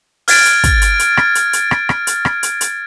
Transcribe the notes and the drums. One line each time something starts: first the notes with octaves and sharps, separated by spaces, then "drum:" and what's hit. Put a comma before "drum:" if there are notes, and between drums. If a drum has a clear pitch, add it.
F6 G#6 A6 D7, drum: open hi-hat
drum: hi-hat
drum: kick, hi-hat
drum: hi-hat
drum: hi-hat
drum: rim click
drum: hi-hat
drum: hi-hat
drum: rim click
drum: rim click
drum: hi-hat
drum: rim click
drum: hi-hat
drum: hi-hat